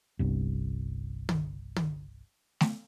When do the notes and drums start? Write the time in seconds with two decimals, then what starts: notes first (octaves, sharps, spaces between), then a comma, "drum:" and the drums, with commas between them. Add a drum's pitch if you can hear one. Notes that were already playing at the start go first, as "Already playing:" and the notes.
0.19 G1 C2 G2
1.29 drum: tom
1.76 drum: tom
2.61 drum: snare A3